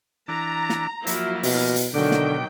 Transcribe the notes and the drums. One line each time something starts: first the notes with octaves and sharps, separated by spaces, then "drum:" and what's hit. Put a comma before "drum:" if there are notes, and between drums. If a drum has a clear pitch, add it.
E3 D4 A5 A#5
drum: snare
F3 F#3 A#3 E4 F4, drum: hi-hat
B2, drum: open hi-hat
drum: hi-hat
B2 D3 D#3 F#3 G5 D6
drum: snare